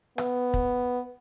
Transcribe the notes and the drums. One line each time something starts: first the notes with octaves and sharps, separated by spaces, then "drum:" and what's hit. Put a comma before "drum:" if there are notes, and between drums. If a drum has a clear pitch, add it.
B3, drum: rim click
drum: kick